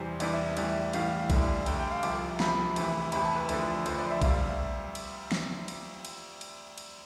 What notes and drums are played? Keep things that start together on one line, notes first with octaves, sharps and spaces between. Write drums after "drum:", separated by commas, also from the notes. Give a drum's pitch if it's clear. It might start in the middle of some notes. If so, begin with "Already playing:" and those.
Already playing: E2 C3 E3 G3 C5
E2 C3 E3 G3 D5, drum: cymbal
E5
A2 E3 G3 E5, drum: cymbal
A2 E3 G3 F5, drum: cymbal
D2 D3 G3, drum: kick A#1, cymbal
D2 D3 G3 G5, drum: cymbal
G5
F5
C2 C3 F3 D6, drum: cymbal
C2 C3 F3 B5, drum: snare
D2 C3 E3, drum: cymbal
D2 C3 E3 B5, drum: cymbal
A5
B4
D2 D3 F3, drum: cymbal
D2 D3 F3 C5, drum: cymbal
D5
E5
D2 C3 G3 F5, drum: kick A#1, cymbal
drum: cymbal
drum: snare
drum: cymbal
drum: cymbal
drum: cymbal
drum: cymbal